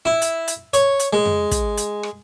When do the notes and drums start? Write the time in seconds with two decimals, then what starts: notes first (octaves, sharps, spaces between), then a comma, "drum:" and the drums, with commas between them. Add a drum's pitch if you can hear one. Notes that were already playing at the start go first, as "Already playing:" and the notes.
0.05 E4
0.22 drum: hi-hat
0.48 drum: hi-hat
0.73 C#5, drum: hi-hat
0.99 drum: hi-hat
1.13 G#3
1.25 drum: tom F2
1.51 drum: kick, hi-hat
1.77 drum: hi-hat
2.03 drum: rim click